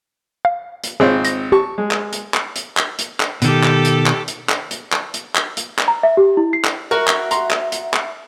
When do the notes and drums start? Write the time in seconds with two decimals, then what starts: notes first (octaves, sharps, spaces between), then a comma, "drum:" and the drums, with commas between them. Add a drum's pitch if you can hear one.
0.45 F5
0.84 drum: hi-hat
1.00 G#1 C4 F4 G#4 C#5
1.25 A#6, drum: hi-hat
1.52 G4 A5 C#6
1.78 G#3
1.91 drum: clap
2.13 drum: hi-hat
2.34 drum: clap
2.56 drum: hi-hat
2.77 drum: clap
2.99 drum: hi-hat
3.20 drum: clap
3.42 B2 D#3 G4 A4, drum: hi-hat
3.63 drum: clap
3.85 drum: hi-hat
4.06 drum: clap
4.28 drum: hi-hat
4.49 drum: clap
4.71 drum: hi-hat
4.92 drum: clap
5.14 drum: hi-hat
5.35 drum: clap
5.57 drum: hi-hat
5.79 drum: clap
5.88 A#5
6.03 E5
6.17 G4
6.37 E4
6.53 C7
6.65 drum: clap
6.91 F#4 A#4 E5
7.08 drum: clap
7.31 A#5 C6, drum: hi-hat
7.51 drum: clap
7.72 drum: hi-hat
7.94 drum: clap